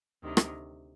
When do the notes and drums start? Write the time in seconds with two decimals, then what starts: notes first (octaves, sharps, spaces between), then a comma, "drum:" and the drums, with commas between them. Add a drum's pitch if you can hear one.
0.23 D2 C3 D#3
0.37 drum: rim click